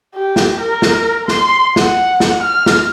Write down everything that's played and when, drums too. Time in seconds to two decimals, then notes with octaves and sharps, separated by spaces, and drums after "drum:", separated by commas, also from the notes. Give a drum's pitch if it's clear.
0.15 G4
0.36 drum: snare
0.61 A#4
0.82 drum: snare
1.28 C6, drum: snare
1.76 F#5, drum: snare
2.20 drum: snare
2.42 F6
2.66 drum: snare